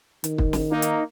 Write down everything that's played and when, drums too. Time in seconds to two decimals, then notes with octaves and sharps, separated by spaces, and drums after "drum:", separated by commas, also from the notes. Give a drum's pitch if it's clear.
0.24 D#3, drum: hi-hat
0.38 drum: kick
0.53 drum: snare
0.72 A#3 D#4
0.82 drum: hi-hat